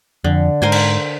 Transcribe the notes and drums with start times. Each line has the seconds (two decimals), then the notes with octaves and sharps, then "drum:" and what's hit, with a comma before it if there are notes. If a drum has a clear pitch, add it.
0.24 F2 D3
0.62 G#2 A#4 C5 G#5
0.72 drum: cymbal